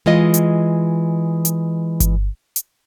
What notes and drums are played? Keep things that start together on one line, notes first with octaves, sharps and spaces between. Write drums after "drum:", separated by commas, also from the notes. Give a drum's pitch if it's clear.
E3 G#3 F4 D#5
drum: hi-hat
drum: hi-hat
drum: kick G1, hi-hat
drum: hi-hat